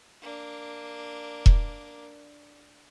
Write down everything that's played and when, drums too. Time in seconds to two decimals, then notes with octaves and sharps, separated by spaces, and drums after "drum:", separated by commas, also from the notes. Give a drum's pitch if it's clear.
0.22 A#3 D4
1.46 drum: kick E1